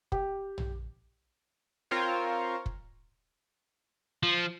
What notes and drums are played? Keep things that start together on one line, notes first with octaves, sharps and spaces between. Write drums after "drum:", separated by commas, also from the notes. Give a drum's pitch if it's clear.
G4, drum: kick
drum: tom A#1
C4 F4 A#4 C5 C#5
drum: kick
F3